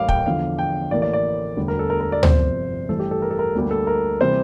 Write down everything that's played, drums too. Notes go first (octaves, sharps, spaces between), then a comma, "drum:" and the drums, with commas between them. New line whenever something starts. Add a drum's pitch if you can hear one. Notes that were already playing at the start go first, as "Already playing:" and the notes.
Already playing: A1 A2 G3 A#3 F5 D6
G5, drum: kick
E2 D3 F3 F5
G5
A1 A2 E3 A#3 D5
D5
D5
E1 D2 D3 G3
A#4
A4
A#4
A#4
D5
G1 F2 C3 C5, drum: tom D2
A1 G2 E3 A3 A4
G4
A4
A#4
A4
A#4
D2 D3 G3 A#3
A4
A#4
C3 E3 G3 A#3 C5